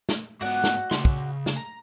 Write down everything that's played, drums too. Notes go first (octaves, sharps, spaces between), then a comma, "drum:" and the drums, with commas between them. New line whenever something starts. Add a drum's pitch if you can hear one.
drum: snare
G#2 B3 F#4 D5 F#5
drum: snare
C#3 C6, drum: snare
drum: kick
drum: snare
A#5